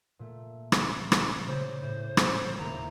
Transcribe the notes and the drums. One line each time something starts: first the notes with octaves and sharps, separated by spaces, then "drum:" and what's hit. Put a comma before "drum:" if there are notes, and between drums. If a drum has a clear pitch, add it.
A#2 A3
drum: rim click
drum: rim click
C#3 C5
A2
drum: rim click
D#1 A#3 E4 A#5